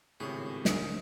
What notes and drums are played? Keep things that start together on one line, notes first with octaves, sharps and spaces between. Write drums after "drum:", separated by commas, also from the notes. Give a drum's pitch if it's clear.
G#1 A2 C#3 G4 G#4 C#5
D2 A#4 D#6, drum: snare